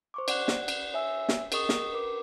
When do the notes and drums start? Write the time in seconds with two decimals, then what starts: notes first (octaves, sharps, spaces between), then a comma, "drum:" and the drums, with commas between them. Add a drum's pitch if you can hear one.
0.14 C5 C#6 D6
0.28 D5 F#5 F#6, drum: cymbal
0.48 drum: snare
0.68 drum: cymbal
0.94 C#5 E5 G#5 E6
1.29 drum: snare
1.52 G#4 A#4 D#5 C#6 D#6, drum: cymbal
1.69 drum: snare
1.93 A#4 B4 D6